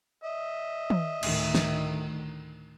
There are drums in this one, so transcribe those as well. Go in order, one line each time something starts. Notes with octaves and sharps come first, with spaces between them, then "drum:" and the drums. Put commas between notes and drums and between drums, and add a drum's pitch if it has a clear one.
D#5 E5
drum: tom
D2 A2 D#3, drum: cymbal
drum: snare